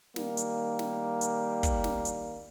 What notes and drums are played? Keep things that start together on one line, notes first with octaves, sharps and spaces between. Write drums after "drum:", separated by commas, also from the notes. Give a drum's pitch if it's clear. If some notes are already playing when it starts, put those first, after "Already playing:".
D#3 G3 A#3, drum: snare
drum: hi-hat
drum: snare
drum: hi-hat
drum: kick, hi-hat
drum: snare
drum: hi-hat